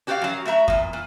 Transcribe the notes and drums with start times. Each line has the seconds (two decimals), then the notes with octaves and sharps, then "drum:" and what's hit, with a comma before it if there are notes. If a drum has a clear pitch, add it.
0.07 D4 F#4 G4 B4 D5 F5
0.22 F#2 F#3
0.45 A3 F#4 E5 A#5
0.68 E2 A#2, drum: kick F2
0.93 A#2